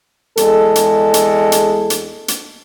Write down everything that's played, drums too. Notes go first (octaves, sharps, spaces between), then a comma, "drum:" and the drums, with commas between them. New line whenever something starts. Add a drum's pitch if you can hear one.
E2 G#3 A4, drum: hi-hat
drum: hi-hat
drum: hi-hat
drum: hi-hat
drum: hi-hat
drum: hi-hat